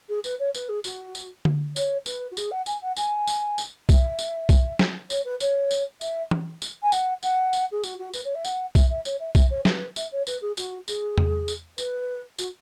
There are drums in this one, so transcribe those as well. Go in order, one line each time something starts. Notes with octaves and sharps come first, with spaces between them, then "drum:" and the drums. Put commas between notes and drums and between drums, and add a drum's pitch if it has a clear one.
G#4
B4, drum: tambourine
C#5
B4, drum: tambourine
G#4
F#4, drum: tambourine
drum: tambourine
drum: tom D3
C#5, drum: tambourine
B4, drum: tambourine
F#4
G#4, drum: tambourine
F#5
G#5, drum: tambourine
F#5
G#5, drum: tambourine
drum: tambourine
drum: tambourine
E5, drum: kick B1, tambourine
drum: tambourine
drum: kick B1, tambourine
drum: snare
C#5, drum: tambourine
B4
C#5, drum: tambourine
drum: tambourine
E5, drum: tambourine
drum: tom
drum: tambourine
G#5
F#5, drum: tambourine
F#5, drum: tambourine
drum: tambourine
G#4
F#4, drum: tambourine
F#4
B4, drum: tambourine
C#5
E5
F#5, drum: tambourine
E5, drum: kick B1, tambourine
E5
C#5, drum: tambourine
E5
E5, drum: kick B1, tambourine
C#5
B4, drum: snare
E5, drum: tambourine
C#5
B4, drum: tambourine
G#4
F#4, drum: tambourine
G#4, drum: tambourine
drum: tom E2
drum: tambourine
B4, drum: tambourine
F#4, drum: tambourine